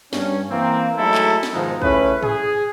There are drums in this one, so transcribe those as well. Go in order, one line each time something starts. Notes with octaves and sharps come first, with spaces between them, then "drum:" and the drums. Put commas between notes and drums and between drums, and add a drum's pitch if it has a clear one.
G2 C#4, drum: snare
E3 A#3 C4
F#3 G#3 A3 D#4 E4 A4
drum: clap
drum: snare
G#2 B2 D#3 F3 G#3 D#4
C#3 A3 C#4 E4 B4, drum: kick
G#4, drum: tom G#2